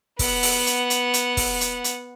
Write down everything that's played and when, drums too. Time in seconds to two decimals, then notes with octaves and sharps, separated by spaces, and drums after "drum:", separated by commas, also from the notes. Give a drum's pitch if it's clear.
0.19 B3 F#5, drum: kick, open hi-hat
0.43 drum: open hi-hat
0.66 drum: hi-hat
0.90 drum: hi-hat
1.14 drum: hi-hat
1.37 drum: kick, open hi-hat
1.61 drum: hi-hat
1.84 drum: hi-hat